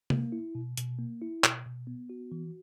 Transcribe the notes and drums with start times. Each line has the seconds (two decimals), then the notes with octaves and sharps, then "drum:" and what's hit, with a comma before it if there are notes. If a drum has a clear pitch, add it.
0.10 A#3, drum: tom C3
0.32 E4
0.55 B2
0.77 B2, drum: hi-hat
0.99 A#3
1.22 E4
1.44 B2, drum: clap
1.66 B2
1.87 B3
2.10 F#4
2.32 E3